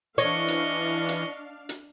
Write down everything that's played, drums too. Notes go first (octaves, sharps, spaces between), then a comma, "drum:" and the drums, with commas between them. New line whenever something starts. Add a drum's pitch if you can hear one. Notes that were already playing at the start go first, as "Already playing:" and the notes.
E3 D4 C#5 D#5 F5 C#6
drum: hi-hat
drum: hi-hat
drum: hi-hat